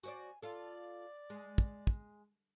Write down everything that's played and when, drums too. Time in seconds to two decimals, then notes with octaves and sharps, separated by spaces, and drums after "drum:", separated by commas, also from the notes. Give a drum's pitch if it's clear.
0.03 F#4 C5 D5 G#5
0.42 F4 A4 D5
1.30 G#3
1.58 drum: kick
1.87 drum: kick